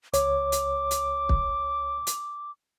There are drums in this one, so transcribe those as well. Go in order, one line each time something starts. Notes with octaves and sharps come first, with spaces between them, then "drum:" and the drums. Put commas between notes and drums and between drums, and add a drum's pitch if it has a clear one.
C#2 C#5 D6, drum: hi-hat
drum: hi-hat
drum: hi-hat
drum: kick
drum: hi-hat